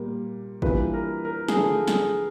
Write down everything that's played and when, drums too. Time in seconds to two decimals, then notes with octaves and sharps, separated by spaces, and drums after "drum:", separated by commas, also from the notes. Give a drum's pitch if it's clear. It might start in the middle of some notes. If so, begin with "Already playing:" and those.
Already playing: A#2 G3 A#3
0.62 E3 G3 A#3 D4 F4 B4, drum: kick
0.94 A#4
1.25 A#4
1.48 G#4, drum: snare
1.56 D3 F3 A3 A4
1.88 G#4, drum: snare